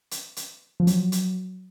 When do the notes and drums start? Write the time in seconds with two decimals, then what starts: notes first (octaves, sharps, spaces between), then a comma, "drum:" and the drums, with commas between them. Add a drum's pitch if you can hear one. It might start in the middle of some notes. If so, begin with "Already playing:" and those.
0.11 drum: hi-hat
0.36 drum: hi-hat
0.80 F3
0.87 F#3, drum: hi-hat
1.12 drum: hi-hat